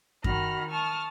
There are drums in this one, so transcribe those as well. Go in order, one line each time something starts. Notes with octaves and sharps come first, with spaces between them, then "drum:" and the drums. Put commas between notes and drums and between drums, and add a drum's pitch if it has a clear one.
D#3 F#4 B5 F6 A#6, drum: kick F#2
A5 C#6 D#6 F6